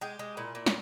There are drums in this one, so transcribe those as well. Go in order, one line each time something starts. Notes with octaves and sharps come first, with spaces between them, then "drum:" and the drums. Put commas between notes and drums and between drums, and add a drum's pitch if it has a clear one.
G#3 G4
G#3
A#2 E4
A#2
C#4, drum: snare